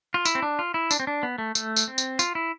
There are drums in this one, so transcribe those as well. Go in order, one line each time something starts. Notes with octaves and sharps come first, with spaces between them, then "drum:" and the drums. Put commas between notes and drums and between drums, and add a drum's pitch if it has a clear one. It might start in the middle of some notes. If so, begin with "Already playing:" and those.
F4
E4, drum: tambourine
C4
D4
F4
E4
D4, drum: tambourine
C4
D4
B3
A3
A3, drum: tambourine
drum: tambourine
C4
drum: tambourine
F4, drum: tambourine
E4